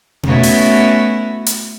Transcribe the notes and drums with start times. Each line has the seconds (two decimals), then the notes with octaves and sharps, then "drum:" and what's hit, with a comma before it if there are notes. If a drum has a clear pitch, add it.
0.23 A3 B3 C#4 E4 F#4, drum: tom B2
0.43 drum: open hi-hat
1.46 drum: hi-hat